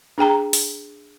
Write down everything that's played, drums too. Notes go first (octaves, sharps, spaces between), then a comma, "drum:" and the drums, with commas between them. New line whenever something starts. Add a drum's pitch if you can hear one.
D4 G#4 G5 A#5
drum: open hi-hat